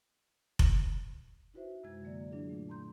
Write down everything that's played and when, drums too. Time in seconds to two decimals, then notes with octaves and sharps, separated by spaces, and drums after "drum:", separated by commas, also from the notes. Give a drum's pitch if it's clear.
0.59 drum: kick F1
1.54 D#4 E4 F#4 B4 C5 E5
1.83 F#2 C3 G#3 G#6
2.02 D3 F#3 A#3 D5
2.31 F#3 D4 E4 F4 G#4
2.49 A#2 A3
2.69 A5 A#5 C6 G6